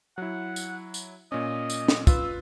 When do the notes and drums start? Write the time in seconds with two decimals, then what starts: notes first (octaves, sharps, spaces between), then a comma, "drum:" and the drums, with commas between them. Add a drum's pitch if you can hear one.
0.18 F#3 E4 F#5
0.56 drum: tambourine
0.94 drum: tambourine
1.32 A#2 C#4 D#5
1.70 drum: tambourine
1.88 drum: snare
2.07 F4 B4 E6, drum: kick, tambourine